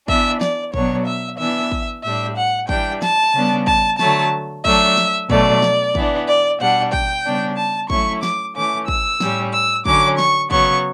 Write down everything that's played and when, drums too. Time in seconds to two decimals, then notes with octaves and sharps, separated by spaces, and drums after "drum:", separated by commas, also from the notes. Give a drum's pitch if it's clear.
0.08 E3 B3 D4 E5, drum: kick
0.41 D5, drum: snare
0.74 B2 F#3 B3 D4 C#5, drum: kick
1.06 E5
1.39 E3 B3 D4 E5
1.72 drum: kick
2.04 A2 G3 D4 E5
2.37 F#5
2.69 E3 G3 D4 G5, drum: kick
3.02 A5, drum: snare
3.35 C#3 G3 B3 D4
3.67 A5, drum: kick
3.99 D3 F#3 A3 A5, drum: snare
4.65 F#3 A3 D4 E5, drum: kick
4.97 drum: snare
5.30 B2 F#3 A3 D4 D5, drum: kick
5.62 drum: snare
5.95 E3 B3 D4, drum: kick
6.28 D5
6.60 B2 G3 D4 F#5
6.93 G5, drum: kick
7.25 C#3 G3 B3 D4
7.57 A5
7.90 F#3 A3 C#4 E4 C#6, drum: kick
8.23 D6, drum: snare
8.55 E3 A3 C#4 D6
8.88 E6, drum: kick
9.20 A2 G3 C#4, drum: snare
9.53 E6
9.86 D3 F#3 C#4 D6, drum: kick
10.18 C#6, drum: snare
10.51 C#3 F#3 B3 C#6, drum: kick